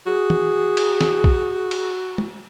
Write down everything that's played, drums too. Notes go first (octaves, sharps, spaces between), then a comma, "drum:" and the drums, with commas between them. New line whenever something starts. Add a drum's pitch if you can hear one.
F#4 G#4
drum: tom
drum: cymbal
drum: snare
drum: kick
drum: cymbal
drum: tom